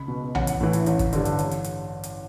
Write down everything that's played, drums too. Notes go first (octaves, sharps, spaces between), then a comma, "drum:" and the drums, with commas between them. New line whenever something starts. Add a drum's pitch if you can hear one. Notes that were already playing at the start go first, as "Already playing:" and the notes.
Already playing: C#2 B5
B2
A1 F#5, drum: tom B1
drum: hi-hat
A2 E3
drum: hi-hat
A1, drum: hi-hat
drum: kick, hi-hat
G2 D3, drum: hi-hat
drum: hi-hat
A1, drum: hi-hat
drum: hi-hat
drum: hi-hat
drum: hi-hat